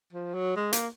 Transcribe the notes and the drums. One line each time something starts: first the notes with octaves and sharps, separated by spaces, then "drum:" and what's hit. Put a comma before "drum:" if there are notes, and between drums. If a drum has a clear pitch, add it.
F3
F#3
G#3
A#3, drum: hi-hat